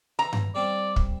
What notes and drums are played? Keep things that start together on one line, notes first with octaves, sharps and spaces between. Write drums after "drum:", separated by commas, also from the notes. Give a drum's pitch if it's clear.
E3 A#5
drum: tom G2
G3 C4 D4 D5
drum: kick